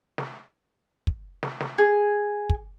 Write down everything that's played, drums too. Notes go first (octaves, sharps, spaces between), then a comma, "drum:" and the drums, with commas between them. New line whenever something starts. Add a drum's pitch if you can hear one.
drum: snare
drum: kick
drum: snare
drum: snare
G#4
drum: kick